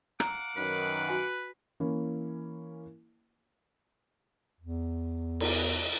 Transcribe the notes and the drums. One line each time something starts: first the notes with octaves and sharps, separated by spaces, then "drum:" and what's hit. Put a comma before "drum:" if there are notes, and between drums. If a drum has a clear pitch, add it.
F5 F#5 A#5 D6, drum: rim click
F#2 D#3 B4
F#4 G#5
E3 A#3 C#4 E4
E2
drum: cymbal